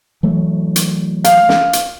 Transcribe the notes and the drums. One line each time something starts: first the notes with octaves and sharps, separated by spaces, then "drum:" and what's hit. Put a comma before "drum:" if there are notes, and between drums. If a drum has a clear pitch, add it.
E3 F#3 A3
drum: hi-hat
F5, drum: hi-hat
drum: snare
drum: hi-hat